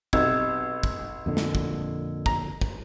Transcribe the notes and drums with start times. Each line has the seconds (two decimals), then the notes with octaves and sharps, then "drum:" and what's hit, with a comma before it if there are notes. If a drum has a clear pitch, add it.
0.13 B1 C3 D#5 E6 G#6, drum: kick
0.83 drum: kick
1.26 F2 A#2 D3
1.37 drum: snare
1.55 drum: kick
2.26 A#5, drum: kick
2.61 drum: kick